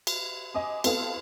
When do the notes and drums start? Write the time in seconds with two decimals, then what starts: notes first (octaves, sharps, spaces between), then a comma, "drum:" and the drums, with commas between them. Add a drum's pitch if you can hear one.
0.07 drum: cymbal
0.54 D#5 G#5 D6 D#6
0.84 B3 C4 E4 A4 B4 F5, drum: cymbal